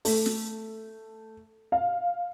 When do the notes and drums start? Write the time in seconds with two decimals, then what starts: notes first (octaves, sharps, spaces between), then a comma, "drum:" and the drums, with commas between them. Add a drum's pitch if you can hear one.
0.05 A3, drum: open hi-hat
0.26 drum: snare
1.72 F5